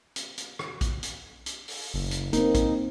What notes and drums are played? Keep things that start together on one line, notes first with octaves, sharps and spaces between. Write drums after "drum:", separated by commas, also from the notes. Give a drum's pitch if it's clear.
drum: hi-hat
drum: hi-hat
drum: rim click
drum: kick A#1, hi-hat
drum: hi-hat
drum: hi-hat
drum: open hi-hat
F#1
drum: hi-hat
A#3 C4 D#4, drum: hi-hat
drum: kick A#1, hi-hat